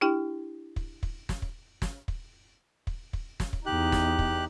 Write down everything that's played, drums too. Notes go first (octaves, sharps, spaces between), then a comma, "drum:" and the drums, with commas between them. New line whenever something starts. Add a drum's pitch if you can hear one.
D4 E4 G4 G5
drum: kick
drum: kick
drum: snare
drum: kick
drum: snare
drum: kick
drum: kick
drum: kick
drum: snare
drum: kick
E2 D#4 G4 F#6
drum: snare
drum: kick